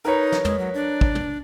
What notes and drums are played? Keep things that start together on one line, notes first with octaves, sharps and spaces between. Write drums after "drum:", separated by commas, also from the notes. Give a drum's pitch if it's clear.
D#4 A#4 B4 C#5
drum: snare
G#3, drum: tom
F#3
D4
drum: kick
drum: tom